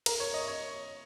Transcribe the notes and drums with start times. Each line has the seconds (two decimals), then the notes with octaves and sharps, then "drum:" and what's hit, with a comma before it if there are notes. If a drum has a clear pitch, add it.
0.06 A#4, drum: cymbal
0.20 C#5
0.34 D#5
0.48 C#5